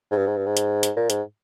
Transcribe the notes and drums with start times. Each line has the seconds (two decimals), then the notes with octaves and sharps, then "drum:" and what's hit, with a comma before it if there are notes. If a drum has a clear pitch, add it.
0.11 G#2
0.17 G2
0.27 G#2
0.37 G2
0.46 G#2
0.57 drum: hi-hat
0.83 drum: hi-hat
0.96 A#2
1.10 G#2, drum: hi-hat